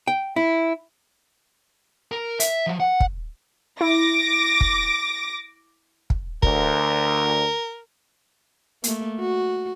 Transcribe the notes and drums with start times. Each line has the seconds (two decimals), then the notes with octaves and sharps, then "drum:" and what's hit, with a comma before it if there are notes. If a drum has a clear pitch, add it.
0.08 G5
0.36 E4
2.12 A#4
2.40 E5, drum: hi-hat
2.67 F3 F#3
2.80 F#5
3.00 drum: kick
3.81 E4 D6 A#6
4.61 drum: kick
6.10 drum: kick
6.43 D2 A#4, drum: kick
8.84 A3 A#3, drum: hi-hat
9.20 F#4